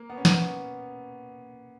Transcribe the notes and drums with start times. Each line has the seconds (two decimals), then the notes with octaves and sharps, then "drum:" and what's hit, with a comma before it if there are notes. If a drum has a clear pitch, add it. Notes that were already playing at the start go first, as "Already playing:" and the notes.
Already playing: A#3
0.10 B3
0.17 C#4
0.25 B3, drum: snare